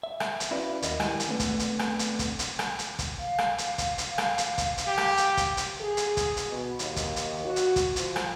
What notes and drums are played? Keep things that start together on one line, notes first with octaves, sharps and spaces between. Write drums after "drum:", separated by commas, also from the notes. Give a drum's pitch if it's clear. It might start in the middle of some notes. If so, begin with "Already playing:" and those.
E5
drum: rim click
drum: hi-hat
C#4 E4 F#4 B4 D5 F5
D#2 A#4 D#5, drum: hi-hat
D#3 G#3 E4 G4 A#4 G#5, drum: rim click
drum: hi-hat
A3 B3 C4 D4 A4 B4
drum: kick, hi-hat
drum: hi-hat
drum: rim click
drum: hi-hat
drum: kick, hi-hat
drum: hi-hat
drum: rim click
drum: hi-hat
drum: kick, hi-hat
F5
drum: rim click
drum: hi-hat
drum: kick, hi-hat
drum: hi-hat
drum: rim click
drum: hi-hat
drum: kick, hi-hat
drum: hi-hat
G4
drum: rim click
drum: hi-hat
drum: kick, hi-hat
drum: hi-hat
G#4
drum: hi-hat
drum: kick, hi-hat
drum: hi-hat
B2
D#2, drum: hi-hat
drum: kick, hi-hat
drum: hi-hat
F#4
drum: hi-hat
drum: kick, hi-hat
F3, drum: hi-hat
drum: rim click